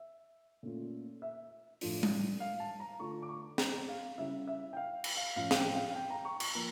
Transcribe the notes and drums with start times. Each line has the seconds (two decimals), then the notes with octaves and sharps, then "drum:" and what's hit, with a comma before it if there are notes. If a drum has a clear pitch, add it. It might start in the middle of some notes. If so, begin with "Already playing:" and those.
Already playing: E5
0.63 A#2 A3 C#4 F4
1.22 E5
1.81 A2 F3 A3 D4 F4, drum: open hi-hat
2.03 drum: tom G3
2.40 F5
2.60 A5
2.80 A#5
2.99 D3 A3 D4 F4 C#6
3.22 D6
3.29 C#6
3.58 A#5, drum: snare
3.88 F5
4.18 C#3 G3 C#4 E4 E5
4.47 E5
4.73 G5
4.77 F5
5.04 drum: cymbal
5.17 F5
5.36 A2 F3 C#4 F4 F5
5.51 F5, drum: snare
5.56 G5
5.75 F5
5.90 F5
5.96 G5
6.10 A#5
6.25 C#6
6.40 C#6, drum: cymbal
6.55 F3 A#3 A#5